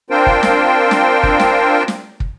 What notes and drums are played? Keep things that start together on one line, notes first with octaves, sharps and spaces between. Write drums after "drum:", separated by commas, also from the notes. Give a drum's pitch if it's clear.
C4 D4 F4 A#4 C5 G5
drum: kick
drum: snare
drum: snare
drum: kick
drum: snare
drum: snare
drum: kick